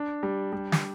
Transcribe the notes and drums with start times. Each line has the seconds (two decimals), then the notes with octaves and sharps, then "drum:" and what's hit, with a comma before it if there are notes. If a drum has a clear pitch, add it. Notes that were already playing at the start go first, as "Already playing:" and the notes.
Already playing: D4
0.23 G3
0.53 G3
0.72 drum: snare